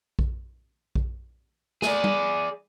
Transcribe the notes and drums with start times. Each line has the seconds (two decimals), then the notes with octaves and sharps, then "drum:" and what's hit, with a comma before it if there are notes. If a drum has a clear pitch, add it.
0.19 drum: kick A#1
0.95 drum: kick A#1
1.82 G#4 D5, drum: snare
2.04 drum: tom